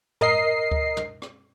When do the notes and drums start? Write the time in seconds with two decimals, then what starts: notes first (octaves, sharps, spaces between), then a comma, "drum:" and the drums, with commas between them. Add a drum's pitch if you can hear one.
0.21 A#4 D#5 C7, drum: tom
0.71 drum: kick D2
0.97 drum: tom
1.22 drum: rim click